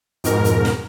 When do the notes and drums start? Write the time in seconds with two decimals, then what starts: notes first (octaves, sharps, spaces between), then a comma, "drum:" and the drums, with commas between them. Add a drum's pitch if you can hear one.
0.24 F2 G#2 B2 A#4, drum: hi-hat
0.44 drum: hi-hat
0.65 drum: snare